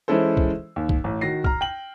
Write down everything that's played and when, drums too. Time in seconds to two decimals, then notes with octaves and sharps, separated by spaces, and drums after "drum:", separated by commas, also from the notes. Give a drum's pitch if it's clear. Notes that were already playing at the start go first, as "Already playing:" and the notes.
0.08 E3 G#3 C#4 E4 A4 C5
0.37 drum: kick
0.76 D#2
0.89 drum: kick
1.04 A1
1.21 D#3 F#4 A#6 C7
1.44 A#5 F6, drum: kick
1.61 G5 F#7